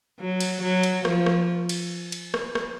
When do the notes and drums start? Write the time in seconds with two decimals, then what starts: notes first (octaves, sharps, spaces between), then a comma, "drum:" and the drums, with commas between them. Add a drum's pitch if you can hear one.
0.19 F#3
0.40 drum: cymbal
0.61 F#3
0.83 drum: cymbal
1.05 F3, drum: rim click
1.26 drum: rim click
1.69 drum: cymbal
2.12 drum: cymbal
2.34 drum: rim click
2.55 drum: rim click